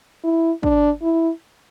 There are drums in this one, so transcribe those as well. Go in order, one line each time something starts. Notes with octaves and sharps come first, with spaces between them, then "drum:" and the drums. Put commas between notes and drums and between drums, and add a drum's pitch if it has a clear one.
E4
D4, drum: kick
E4